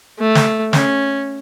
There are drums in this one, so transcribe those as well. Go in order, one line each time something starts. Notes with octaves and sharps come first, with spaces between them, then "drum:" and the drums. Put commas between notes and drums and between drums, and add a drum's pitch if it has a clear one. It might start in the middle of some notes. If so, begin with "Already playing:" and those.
A3
drum: snare
C#4, drum: snare